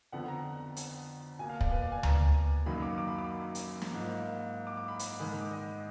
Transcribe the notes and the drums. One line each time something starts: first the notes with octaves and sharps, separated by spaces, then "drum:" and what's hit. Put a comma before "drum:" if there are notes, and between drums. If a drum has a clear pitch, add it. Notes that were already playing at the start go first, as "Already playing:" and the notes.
F2 D3 F3 B3 F#5
A#5
drum: hi-hat
B2 A#3 G#5
F5
D5, drum: kick
B4
D5
G#5
A#5, drum: tom D2
F#2 D#3 F#3 A#3 B5
D6
D6
B5
D6
B5
drum: hi-hat
drum: snare
G#2 F3 A#3
D6
D6
B5
drum: hi-hat
G#2 D#3 G#3 B5
D6
D#5